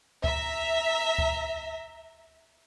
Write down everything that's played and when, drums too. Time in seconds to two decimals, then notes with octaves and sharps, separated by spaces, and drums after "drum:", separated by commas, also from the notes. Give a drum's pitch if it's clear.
0.24 E5 A#5, drum: kick C#2
1.18 drum: kick C#2